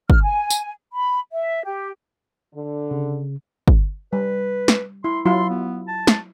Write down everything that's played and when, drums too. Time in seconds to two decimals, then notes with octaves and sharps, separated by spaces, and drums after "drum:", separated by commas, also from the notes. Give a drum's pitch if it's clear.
0.10 F6, drum: kick
0.23 G#5
0.50 drum: tambourine
0.93 B5
1.32 E5
1.64 G4
2.54 D3
2.91 C#3
3.68 drum: kick
4.13 G3 B4
4.68 drum: snare
5.04 E4 C6
5.26 F#3 E4 F4 C6
5.50 B3
5.88 A5
6.07 drum: snare